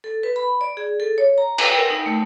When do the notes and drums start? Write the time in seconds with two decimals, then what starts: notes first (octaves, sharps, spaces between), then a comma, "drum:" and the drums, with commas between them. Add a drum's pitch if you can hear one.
0.04 A4
0.23 B4
0.36 B5
0.61 D5
0.77 G#4
1.00 A4
1.18 C#5
1.38 A#5
1.58 B4, drum: cymbal
1.77 A#4
1.90 D#4
2.06 A3